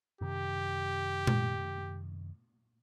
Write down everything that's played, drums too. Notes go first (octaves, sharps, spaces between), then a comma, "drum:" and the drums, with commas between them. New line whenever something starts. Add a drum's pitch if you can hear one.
F#2 C3 D#3 G4
drum: tom A#2